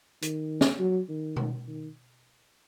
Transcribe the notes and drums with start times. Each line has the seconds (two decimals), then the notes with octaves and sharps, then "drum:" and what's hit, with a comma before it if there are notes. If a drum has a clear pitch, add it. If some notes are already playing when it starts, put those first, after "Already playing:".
0.22 D#3, drum: hi-hat
0.61 drum: snare
0.80 F#3
1.09 D#3
1.36 drum: tom B2
1.68 D#3